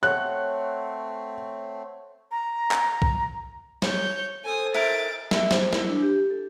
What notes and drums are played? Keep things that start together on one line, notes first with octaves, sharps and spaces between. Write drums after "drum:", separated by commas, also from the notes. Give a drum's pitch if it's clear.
A3 C4 C#5 F#5 F#6
A#5
drum: clap
drum: kick B1
C#5 G6, drum: snare
A4 C5 G#5 D#6
E4 A#4 A6 D7, drum: cymbal
E5, drum: snare
C5, drum: snare
E4, drum: snare
D4
G4
A4